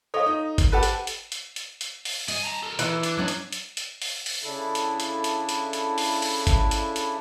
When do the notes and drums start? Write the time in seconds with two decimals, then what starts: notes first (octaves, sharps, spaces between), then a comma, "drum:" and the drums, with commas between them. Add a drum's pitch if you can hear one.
0.14 A4 C#5 D#5 F5
0.26 D#4
0.58 drum: kick G#1, hi-hat
0.72 G4 A4 B4 C5 F#5
0.83 drum: hi-hat
1.07 drum: hi-hat
1.32 drum: hi-hat
1.56 drum: hi-hat
1.81 drum: hi-hat
2.05 drum: open hi-hat
2.28 D#5 G#5, drum: open hi-hat
2.43 A5 A#5
2.63 A4 A#4
2.79 E3, drum: hi-hat
3.03 D4, drum: hi-hat
3.17 B2 F#3 B3 C#4 D4
3.28 drum: hi-hat
3.53 drum: hi-hat
3.77 drum: hi-hat
4.02 drum: open hi-hat
4.26 drum: open hi-hat
4.43 C#3 D4 E4 A4
4.75 drum: hi-hat
5.00 drum: hi-hat
5.24 drum: hi-hat
5.49 drum: hi-hat
5.73 drum: hi-hat
5.98 drum: open hi-hat
6.22 drum: open hi-hat
6.47 drum: kick G#1, hi-hat
6.71 drum: hi-hat
6.96 drum: hi-hat